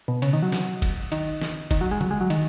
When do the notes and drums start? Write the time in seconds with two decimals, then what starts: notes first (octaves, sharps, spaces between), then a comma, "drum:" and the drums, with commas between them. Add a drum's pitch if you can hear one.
0.08 B2
0.22 C#3, drum: cymbal
0.33 D#3
0.42 F#3
0.52 drum: snare
0.82 drum: kick, cymbal
1.12 D#3, drum: cymbal
1.42 drum: snare
1.71 D#3, drum: kick, cymbal
1.81 F#3
1.91 G#3
2.01 F#3, drum: tom D3
2.11 G#3
2.21 F#3
2.30 D#3, drum: cymbal